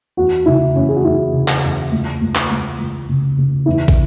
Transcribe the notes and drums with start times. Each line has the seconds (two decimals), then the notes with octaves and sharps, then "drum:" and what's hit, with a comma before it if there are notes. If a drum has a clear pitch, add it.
0.17 E2 F#4
0.46 C#3 E4
0.75 E2 C#4
0.89 G#4
0.96 F#4
1.05 E2 E4
1.33 C#3
1.48 drum: clap
1.63 E2
1.92 C#2
2.21 C#2
2.35 drum: clap
2.50 C#2
2.79 C#2
3.09 C#3
3.38 C#3
3.66 E2 E4
3.88 drum: kick, tambourine